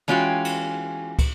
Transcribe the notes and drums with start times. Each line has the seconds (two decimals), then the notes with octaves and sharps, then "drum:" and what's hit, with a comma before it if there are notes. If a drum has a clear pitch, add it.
0.08 E3 G#3 C#4 F4 F#4 G5
0.45 drum: cymbal
1.19 drum: kick, cymbal